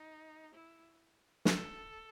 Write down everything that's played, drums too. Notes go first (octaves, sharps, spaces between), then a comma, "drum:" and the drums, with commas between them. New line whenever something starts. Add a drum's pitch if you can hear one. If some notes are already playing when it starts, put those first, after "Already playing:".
Already playing: D#4
E4
A4, drum: snare